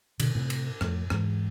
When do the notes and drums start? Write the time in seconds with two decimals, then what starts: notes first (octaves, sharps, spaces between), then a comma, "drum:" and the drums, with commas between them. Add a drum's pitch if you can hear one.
0.20 B2 D3, drum: cymbal
0.35 A2 C3
0.50 drum: cymbal
0.81 F2 A2, drum: rim click
1.10 E2 G#2, drum: rim click